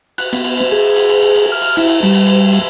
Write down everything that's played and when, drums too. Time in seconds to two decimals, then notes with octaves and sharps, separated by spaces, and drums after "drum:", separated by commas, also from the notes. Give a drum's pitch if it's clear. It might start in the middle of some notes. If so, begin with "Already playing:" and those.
0.18 F#6, drum: cymbal
0.33 B3, drum: cymbal
0.44 drum: cymbal
0.57 drum: cymbal
0.72 G#4
0.96 drum: cymbal
1.09 drum: cymbal
1.22 drum: cymbal
1.36 drum: cymbal
1.52 F6
1.62 drum: cymbal
1.77 E4, drum: cymbal
1.88 drum: cymbal
2.03 G3, drum: cymbal
2.14 drum: cymbal
2.27 drum: cymbal
2.53 drum: cymbal